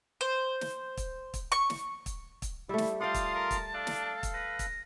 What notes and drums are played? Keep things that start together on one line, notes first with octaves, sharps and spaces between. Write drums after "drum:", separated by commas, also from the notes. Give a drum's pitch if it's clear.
C5
drum: snare
drum: kick, hi-hat
drum: kick, hi-hat
C#6
drum: snare
drum: kick, hi-hat
drum: kick, hi-hat
G3 A3 E4 E5
drum: snare
F4 D5 F5 G5 A5 C6 D#6
drum: kick, hi-hat
A#4
drum: kick, hi-hat
D4 A4 F5
drum: snare
drum: kick, hi-hat
B4 A#6
drum: kick, hi-hat